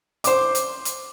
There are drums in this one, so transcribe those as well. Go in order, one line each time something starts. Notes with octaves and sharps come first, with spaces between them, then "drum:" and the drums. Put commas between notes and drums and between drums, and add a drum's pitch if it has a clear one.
C5 D6, drum: hi-hat
drum: hi-hat
drum: hi-hat